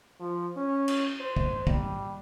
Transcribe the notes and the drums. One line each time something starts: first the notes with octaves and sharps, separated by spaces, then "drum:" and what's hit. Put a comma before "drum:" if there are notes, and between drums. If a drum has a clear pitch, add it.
F3
C#4
drum: cymbal
C5
drum: kick A#1
G3, drum: kick A#1